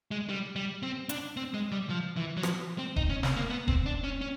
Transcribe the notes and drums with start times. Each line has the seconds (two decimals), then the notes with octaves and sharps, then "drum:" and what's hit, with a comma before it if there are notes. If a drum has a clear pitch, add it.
0.11 G#3
0.29 G3
0.56 G3
0.83 C4
1.09 D4, drum: hi-hat
1.37 C4
1.54 G#3
1.72 G3
1.90 F3
2.16 E3
2.37 F#3
2.43 F3, drum: rim click
2.78 C4
2.96 D#4, drum: kick E1
3.10 C#4
3.23 C4, drum: snare
3.36 A#3
3.50 B3
3.68 C4, drum: kick E1
3.86 D4
4.04 C#4
4.21 C#4